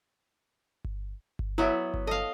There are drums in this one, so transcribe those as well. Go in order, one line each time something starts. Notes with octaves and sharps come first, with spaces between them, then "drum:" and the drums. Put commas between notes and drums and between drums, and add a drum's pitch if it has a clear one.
drum: kick G1
drum: kick G1
F#3 B3 E4 E5
drum: kick G1
A4 D#5 F5